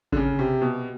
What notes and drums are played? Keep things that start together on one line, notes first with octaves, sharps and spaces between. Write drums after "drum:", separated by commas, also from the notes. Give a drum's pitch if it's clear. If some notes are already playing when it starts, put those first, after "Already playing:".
D3, drum: kick G#1
C#3
C3
B2